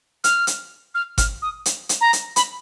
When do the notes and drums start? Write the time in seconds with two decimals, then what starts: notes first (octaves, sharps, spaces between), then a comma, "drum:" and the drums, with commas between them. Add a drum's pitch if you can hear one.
0.24 F6, drum: hi-hat
0.47 drum: hi-hat
0.94 F6
1.18 F6, drum: kick G1, hi-hat
1.42 D#6
1.65 drum: hi-hat
1.89 drum: hi-hat
2.01 A#5
2.13 drum: hi-hat
2.36 B5, drum: hi-hat